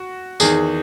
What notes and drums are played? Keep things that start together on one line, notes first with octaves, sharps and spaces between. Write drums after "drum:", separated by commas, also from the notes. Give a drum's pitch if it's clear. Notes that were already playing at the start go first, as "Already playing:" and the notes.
Already playing: F#4
E2 D#3 G#4, drum: tambourine